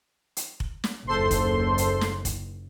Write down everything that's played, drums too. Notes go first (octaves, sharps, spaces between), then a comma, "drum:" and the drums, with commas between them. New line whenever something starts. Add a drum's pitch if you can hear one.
drum: hi-hat
drum: kick F1
drum: snare
F#1 D#2 A4 C5 C6
drum: kick F1, hi-hat
drum: hi-hat
drum: snare
drum: kick F1, hi-hat